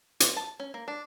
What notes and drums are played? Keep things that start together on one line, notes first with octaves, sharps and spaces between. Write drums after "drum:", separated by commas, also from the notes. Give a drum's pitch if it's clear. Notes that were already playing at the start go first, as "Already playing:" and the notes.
C5, drum: hi-hat
A5
C#4
A#3
D4